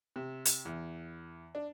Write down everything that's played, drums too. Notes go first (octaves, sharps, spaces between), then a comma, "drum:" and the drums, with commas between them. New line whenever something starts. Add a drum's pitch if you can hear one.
C3
drum: hi-hat
E2
D4